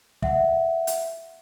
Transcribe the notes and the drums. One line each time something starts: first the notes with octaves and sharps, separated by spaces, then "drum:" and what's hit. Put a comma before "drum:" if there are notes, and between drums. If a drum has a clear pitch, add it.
E5 F#5, drum: kick
drum: hi-hat